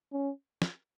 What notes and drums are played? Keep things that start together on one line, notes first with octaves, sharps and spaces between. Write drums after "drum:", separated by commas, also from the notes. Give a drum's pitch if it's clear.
C#4
drum: snare